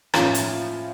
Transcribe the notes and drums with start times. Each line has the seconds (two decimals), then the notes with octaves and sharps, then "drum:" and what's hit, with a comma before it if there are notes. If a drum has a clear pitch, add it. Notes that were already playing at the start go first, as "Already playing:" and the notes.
0.14 A2 F3 C#4 F4, drum: rim click
0.34 drum: hi-hat